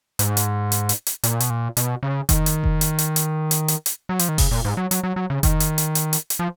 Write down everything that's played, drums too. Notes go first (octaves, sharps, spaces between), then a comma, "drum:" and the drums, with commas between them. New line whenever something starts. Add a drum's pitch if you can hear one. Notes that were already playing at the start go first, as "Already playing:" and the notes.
G#2, drum: hi-hat
drum: hi-hat
drum: hi-hat
drum: hi-hat
drum: hi-hat
A#2, drum: hi-hat
B2, drum: hi-hat
A#2
B2, drum: hi-hat
C#3
D#3, drum: kick F1, hi-hat
drum: hi-hat
drum: kick F1
drum: hi-hat
drum: hi-hat
drum: hi-hat
drum: hi-hat
drum: hi-hat
drum: hi-hat
F#3
F3, drum: hi-hat
D#3
C#3, drum: kick F1, open hi-hat
A#2
G#2
F#3
F#3, drum: hi-hat
F#3
F#3
C#3
D#3, drum: kick F1, hi-hat
drum: hi-hat
drum: hi-hat
drum: hi-hat
drum: hi-hat
drum: hi-hat
F3